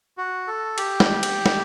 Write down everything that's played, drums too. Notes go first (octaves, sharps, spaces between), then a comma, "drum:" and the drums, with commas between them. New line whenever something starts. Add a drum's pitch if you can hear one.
F#4
A4
G4, drum: cymbal
drum: snare
drum: cymbal
drum: snare